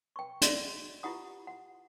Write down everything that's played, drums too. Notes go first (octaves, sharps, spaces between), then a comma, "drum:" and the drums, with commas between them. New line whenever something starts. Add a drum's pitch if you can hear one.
G5 C#6
F#4 D5 D#5 F#5, drum: hi-hat
E4 F4 G4 F#5 D#6
F#5